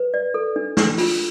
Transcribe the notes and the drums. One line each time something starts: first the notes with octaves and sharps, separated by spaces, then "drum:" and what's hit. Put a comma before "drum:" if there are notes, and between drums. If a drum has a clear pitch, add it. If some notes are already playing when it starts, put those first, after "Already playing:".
Already playing: B4
D5
A4
D4
D4, drum: snare
F4, drum: open hi-hat